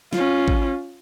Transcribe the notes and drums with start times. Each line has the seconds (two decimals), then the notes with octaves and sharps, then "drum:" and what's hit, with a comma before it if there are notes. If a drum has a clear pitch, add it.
0.13 C#4 F4, drum: snare
0.48 drum: kick